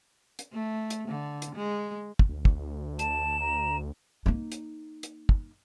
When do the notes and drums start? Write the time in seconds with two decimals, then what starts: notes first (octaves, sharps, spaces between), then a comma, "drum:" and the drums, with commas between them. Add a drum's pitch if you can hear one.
0.39 drum: hi-hat
0.52 A3
0.90 drum: hi-hat
1.09 D3
1.42 drum: hi-hat
1.56 G#3
2.19 drum: kick
2.29 D2
2.45 drum: kick
2.99 A5 E7, drum: hi-hat
3.40 A#5
4.26 A#3 D#4
4.52 drum: hi-hat
5.03 drum: hi-hat
5.29 drum: kick